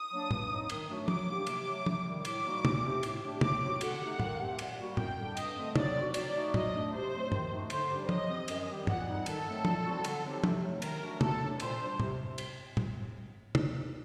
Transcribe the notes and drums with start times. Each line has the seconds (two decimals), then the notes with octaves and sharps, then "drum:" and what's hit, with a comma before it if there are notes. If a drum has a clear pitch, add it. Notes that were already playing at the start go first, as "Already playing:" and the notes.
Already playing: D#6
0.11 F#3 A#3 D4
0.31 G2, drum: tom
0.50 F#3 C4 D#4
0.70 D#3, drum: cymbal
0.88 F#3 A3 D4 F#4
1.08 F#3 D6, drum: tom
1.28 A#3 D4 G4
1.47 C3 D6, drum: cymbal
1.66 F#3 A3
1.86 C3, drum: tom
2.05 D#3 G3
2.25 A2 D6, drum: cymbal
2.44 G3 A#3 D#4 F#4
2.65 A#2, drum: tom
2.83 A3 C4 G4
3.03 A2, drum: cymbal
3.23 A3 D4 G4
3.41 A2 D6, drum: tom
3.62 F#3 C4 F#4
3.81 D3 F#5, drum: cymbal
4.00 A3 D#4 G4
4.20 D#3, drum: tom
4.40 A3 C4 G4
4.59 A#2, drum: cymbal
4.78 G3 A#3 F#4
4.97 F#2 G5, drum: tom
5.17 D3 G3 D4
5.37 G2 D#5, drum: cymbal
5.56 D3 A3 C4
5.76 F#3 D5, drum: tom
5.95 C4 F#4
6.14 F#3 D5, drum: cymbal
6.34 A3 D#4 F#4
6.54 F#3 D#5, drum: tom
6.73 A3 D4
6.92 C3 C5
7.13 F#3 A3 C4
7.32 D#3, drum: tom
7.51 A3 D#4 F#4
7.70 D3 C5, drum: cymbal
7.90 G3 D4 G4
8.09 F#3 D#5, drum: tom
8.29 C4 G4
8.48 F#2, drum: cymbal
8.68 D#3 G3 C4 G4
8.87 A#2 F#5, drum: tom
9.07 G3 C4 D#4
9.26 D#3 A4, drum: cymbal
9.46 F#3 A3 C4 D#4
9.65 A#2, drum: tom
9.85 G3 C4 F#4
10.04 D3, drum: cymbal
10.24 F#3 C4 D#4 G4
10.44 C3, drum: tom
10.63 F#3 A3
10.82 D#3 A#4, drum: cymbal
11.01 A3 D4 F#4
11.21 D3 A4, drum: tom
11.40 F#3 A3 D4
11.60 A#2 C5, drum: cymbal
11.79 G3 D4
12.00 C3, drum: tom
12.38 drum: cymbal
12.77 drum: tom
13.55 drum: tom